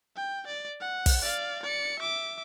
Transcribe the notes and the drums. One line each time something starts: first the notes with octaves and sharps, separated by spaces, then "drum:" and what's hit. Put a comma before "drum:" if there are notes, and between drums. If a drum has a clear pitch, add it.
G5
D5
F#5
drum: kick, open hi-hat
D5 F5
D5 C#7
E5 D6